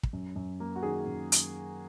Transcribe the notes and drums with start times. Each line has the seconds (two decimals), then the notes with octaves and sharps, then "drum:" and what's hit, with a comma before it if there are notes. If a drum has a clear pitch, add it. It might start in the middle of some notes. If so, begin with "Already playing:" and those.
0.03 drum: kick
0.13 F#2
0.36 F#2
0.60 A#3
0.76 F#4
0.83 D#3 G#4
1.06 F#2
1.32 drum: hi-hat